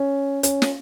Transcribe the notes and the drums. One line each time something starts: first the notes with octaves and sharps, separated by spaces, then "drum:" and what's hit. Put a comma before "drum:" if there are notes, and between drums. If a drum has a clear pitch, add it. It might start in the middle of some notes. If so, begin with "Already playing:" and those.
Already playing: C#4
C#4, drum: hi-hat
drum: snare